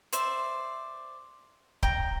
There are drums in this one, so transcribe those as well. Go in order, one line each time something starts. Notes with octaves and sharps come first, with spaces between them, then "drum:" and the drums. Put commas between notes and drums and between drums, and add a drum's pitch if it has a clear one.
C5 D5 E5, drum: hi-hat
G5 A#5, drum: kick C#1